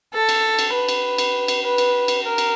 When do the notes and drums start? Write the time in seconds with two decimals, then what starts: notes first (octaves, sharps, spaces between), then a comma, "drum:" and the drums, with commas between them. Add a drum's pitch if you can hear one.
0.14 A4
0.29 drum: cymbal
0.59 drum: cymbal
0.73 B4
0.89 drum: cymbal
1.18 drum: cymbal
1.48 drum: cymbal
1.63 B4
1.78 drum: cymbal
2.08 drum: cymbal
2.23 A#4
2.38 drum: cymbal